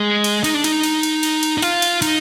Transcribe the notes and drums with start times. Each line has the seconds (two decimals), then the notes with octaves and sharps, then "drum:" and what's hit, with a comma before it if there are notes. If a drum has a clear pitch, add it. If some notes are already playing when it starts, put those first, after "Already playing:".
Already playing: G#3
0.24 drum: cymbal
0.44 D#4, drum: cymbal
0.54 D4
0.64 D#4, drum: cymbal
0.83 drum: cymbal
1.03 drum: cymbal
1.23 drum: cymbal
1.43 drum: cymbal
1.58 D#4
1.62 F4, drum: cymbal
1.82 drum: cymbal
2.02 D#4, drum: cymbal